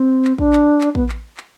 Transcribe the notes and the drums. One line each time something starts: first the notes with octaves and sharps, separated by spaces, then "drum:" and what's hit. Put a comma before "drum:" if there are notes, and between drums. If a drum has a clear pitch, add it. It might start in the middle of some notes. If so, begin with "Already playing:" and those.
Already playing: C4
drum: clap
D4, drum: kick
drum: clap
drum: clap
B3, drum: kick
drum: clap
drum: clap